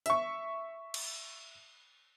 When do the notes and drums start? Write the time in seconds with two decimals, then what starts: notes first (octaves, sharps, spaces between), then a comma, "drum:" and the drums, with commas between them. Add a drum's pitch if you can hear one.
0.06 E5 C#6, drum: hi-hat
0.94 drum: cymbal